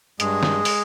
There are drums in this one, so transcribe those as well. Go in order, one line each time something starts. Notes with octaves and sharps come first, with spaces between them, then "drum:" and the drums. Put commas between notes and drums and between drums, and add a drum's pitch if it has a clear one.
G2 G#3 G#4, drum: hi-hat
drum: snare
drum: open hi-hat